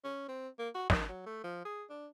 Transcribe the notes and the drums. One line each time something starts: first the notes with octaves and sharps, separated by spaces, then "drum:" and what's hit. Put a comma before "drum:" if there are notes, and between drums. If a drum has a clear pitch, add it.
C#4
C4
A#3
F#4
D#3, drum: snare
F#3
A3
F3
G#4
D4